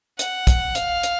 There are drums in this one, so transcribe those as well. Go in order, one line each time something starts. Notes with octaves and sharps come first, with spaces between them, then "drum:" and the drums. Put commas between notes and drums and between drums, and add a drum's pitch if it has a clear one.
F#5, drum: hi-hat
drum: kick, hi-hat
F5, drum: hi-hat
drum: hi-hat